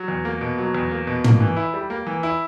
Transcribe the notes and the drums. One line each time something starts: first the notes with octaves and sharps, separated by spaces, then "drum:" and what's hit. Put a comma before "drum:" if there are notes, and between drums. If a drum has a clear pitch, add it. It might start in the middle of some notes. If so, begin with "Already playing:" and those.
Already playing: F#3
E2
A#3
B2
F#3
E2
A#3
B2
A#3, drum: tom
E3
E4
G3
A#3
E3
E4